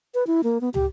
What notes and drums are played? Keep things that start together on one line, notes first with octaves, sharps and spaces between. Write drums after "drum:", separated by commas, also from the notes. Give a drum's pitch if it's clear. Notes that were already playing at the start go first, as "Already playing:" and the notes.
B4
E4
A#3
B3
G4, drum: tom